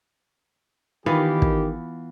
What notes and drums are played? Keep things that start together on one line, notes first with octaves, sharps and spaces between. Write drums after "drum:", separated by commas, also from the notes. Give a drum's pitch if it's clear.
D#3 E3 B3 F4 G4
drum: kick